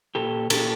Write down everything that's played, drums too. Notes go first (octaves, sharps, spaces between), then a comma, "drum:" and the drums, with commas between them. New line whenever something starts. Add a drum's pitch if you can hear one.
A#2 G4 A4
A#2 G4 A4, drum: cymbal